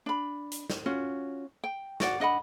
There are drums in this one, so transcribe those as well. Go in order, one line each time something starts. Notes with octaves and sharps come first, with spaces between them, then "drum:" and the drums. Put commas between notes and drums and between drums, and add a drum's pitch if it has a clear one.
D4 B5
drum: hi-hat
drum: snare
C#4 F4 F#4
G5
F#4 D5 F#5, drum: snare
D4 D#5 F#5 B5